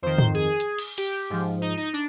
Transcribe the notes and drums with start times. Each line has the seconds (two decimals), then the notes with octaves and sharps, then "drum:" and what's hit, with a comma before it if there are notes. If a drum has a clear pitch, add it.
0.02 F2 D#3 C5
0.18 drum: tom
0.34 G#4
0.60 drum: hi-hat
0.78 drum: cymbal
0.98 G4, drum: hi-hat
1.30 G#2 F3
1.62 D#4
1.78 D#4
1.93 D4